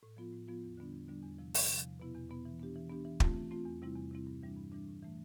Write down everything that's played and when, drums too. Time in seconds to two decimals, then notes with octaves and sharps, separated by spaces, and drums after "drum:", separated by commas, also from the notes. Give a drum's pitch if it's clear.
0.03 A2
0.17 F3 B3 F4
0.33 A2
0.48 F3 B3 F4
0.63 E2
0.77 D3 G3 B3 D4
0.93 E2
1.08 D3 G3 B3 D4
1.23 E2
1.39 C3 F3
1.54 E2, drum: open hi-hat
1.69 C3 F3
1.85 E2
2.00 B2 B3 E4
2.15 E2
2.29 B2 B3 E4
2.45 E3
2.60 B3 D4 G4
2.76 E3
2.90 B3 D4 G4
3.05 E3
3.20 A3 C4 F4, drum: kick
3.36 E3
3.51 A3 C4 F4
3.66 E2
3.82 C3 G3 C4 E4
3.96 E2
4.11 C3 G3 C4 E4
4.27 G2
4.43 E3 G3 D4
4.57 G2
4.72 E3 G3 D4
4.88 A2
5.03 E3 A3